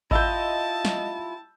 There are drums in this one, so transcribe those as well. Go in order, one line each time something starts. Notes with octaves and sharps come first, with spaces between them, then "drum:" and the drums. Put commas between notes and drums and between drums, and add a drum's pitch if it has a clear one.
E4 F4 G4 D#5 A5 E6 G6, drum: kick G#1
drum: snare